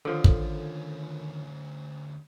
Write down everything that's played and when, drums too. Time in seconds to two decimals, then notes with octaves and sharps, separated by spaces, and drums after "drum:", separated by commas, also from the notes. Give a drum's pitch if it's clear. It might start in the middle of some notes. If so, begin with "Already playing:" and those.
0.05 D2 D3 D#3 F3 C#4 A4
0.24 drum: kick